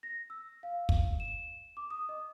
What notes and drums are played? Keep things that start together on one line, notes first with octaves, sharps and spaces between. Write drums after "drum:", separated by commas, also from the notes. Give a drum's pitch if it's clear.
A#6
E6
F5
drum: kick
E7
D6
D#6
D#5